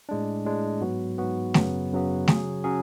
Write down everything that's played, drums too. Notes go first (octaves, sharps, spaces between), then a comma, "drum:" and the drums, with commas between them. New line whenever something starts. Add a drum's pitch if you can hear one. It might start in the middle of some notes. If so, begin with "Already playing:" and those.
A2 G#3 D4
A2 G#3 D4
G#2 F#3 B3 F#4
G#2 F#3 B3 F#4
F#2 C#3 F#3 B3, drum: snare A3
F#2 C#3 F#3 B3
C#3 F#3 C#4 G#4, drum: snare A3
C#3 F#3 C#4 G#4